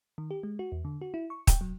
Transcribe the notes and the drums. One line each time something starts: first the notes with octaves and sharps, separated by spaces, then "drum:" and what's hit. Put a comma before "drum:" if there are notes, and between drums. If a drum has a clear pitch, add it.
D#3
G4
G#3
F#4
E2
D3
F#4
E4
C#6
G5, drum: kick, hi-hat
F#3